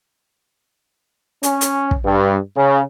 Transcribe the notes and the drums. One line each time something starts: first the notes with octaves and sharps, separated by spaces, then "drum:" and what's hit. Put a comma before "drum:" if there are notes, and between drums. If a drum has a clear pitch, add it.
C#4, drum: hi-hat
drum: hi-hat
drum: kick
G2
C#3